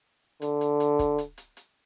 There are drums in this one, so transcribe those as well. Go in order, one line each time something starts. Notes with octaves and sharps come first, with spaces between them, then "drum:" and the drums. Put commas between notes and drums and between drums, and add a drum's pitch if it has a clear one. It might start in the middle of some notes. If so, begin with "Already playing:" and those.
D3, drum: hi-hat
drum: hi-hat
drum: hi-hat
drum: kick, hi-hat
drum: hi-hat
drum: hi-hat
drum: hi-hat